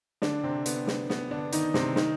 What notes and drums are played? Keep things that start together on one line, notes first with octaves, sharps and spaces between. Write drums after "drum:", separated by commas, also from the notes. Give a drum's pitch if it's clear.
D3 D4, drum: snare
C3 C4
B3, drum: hi-hat
drum: snare
B3, drum: snare
D3 D4
D#3 D#4, drum: hi-hat
C3 C4, drum: snare
D#3 D#4, drum: snare